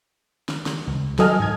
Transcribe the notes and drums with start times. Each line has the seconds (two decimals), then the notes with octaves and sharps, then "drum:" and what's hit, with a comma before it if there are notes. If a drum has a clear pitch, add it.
0.49 drum: snare
0.66 drum: snare
0.87 C#2
1.18 F#3 A4 D#5 G#5 F6, drum: snare
1.40 G#2 G#6